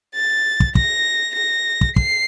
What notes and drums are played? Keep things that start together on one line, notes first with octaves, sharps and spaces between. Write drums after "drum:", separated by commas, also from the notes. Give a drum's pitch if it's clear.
A6
drum: kick
A#6, drum: kick
A#6
drum: kick
C7, drum: kick